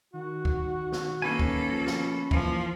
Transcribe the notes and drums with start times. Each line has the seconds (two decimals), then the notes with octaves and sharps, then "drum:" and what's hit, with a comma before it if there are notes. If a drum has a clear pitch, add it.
0.14 D#3 F#4
0.45 drum: kick
0.92 drum: snare
1.22 A#3 C#4 A4 B4 G#5
1.39 drum: kick
1.71 F3
1.87 drum: snare
2.31 E3 F3 A#3, drum: kick